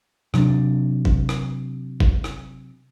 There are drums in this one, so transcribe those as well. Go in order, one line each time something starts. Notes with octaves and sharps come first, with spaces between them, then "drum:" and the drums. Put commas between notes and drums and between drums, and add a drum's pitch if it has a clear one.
C3 F#3 C4 D4, drum: rim click
drum: kick G1
drum: rim click
drum: kick G1
drum: rim click